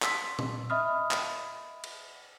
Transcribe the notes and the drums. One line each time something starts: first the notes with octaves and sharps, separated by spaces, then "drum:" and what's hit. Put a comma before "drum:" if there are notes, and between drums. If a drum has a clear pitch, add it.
C6 E6 B6, drum: clap
drum: tom A#2
D#5 E5 B5 D#6 F6
drum: clap
drum: cymbal